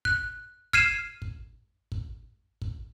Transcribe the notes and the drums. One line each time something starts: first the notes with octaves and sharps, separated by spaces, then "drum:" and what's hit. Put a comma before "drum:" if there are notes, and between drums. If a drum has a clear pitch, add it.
F#6, drum: kick
F6 G#6 C7 D#7 E7, drum: kick
drum: kick
drum: kick
drum: kick